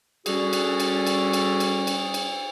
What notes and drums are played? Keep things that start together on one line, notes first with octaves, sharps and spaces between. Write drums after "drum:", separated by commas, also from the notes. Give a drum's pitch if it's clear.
G3 C#4 F#4 G#4 A4, drum: cymbal
drum: cymbal
drum: cymbal
drum: cymbal
drum: cymbal
drum: cymbal
drum: cymbal
drum: cymbal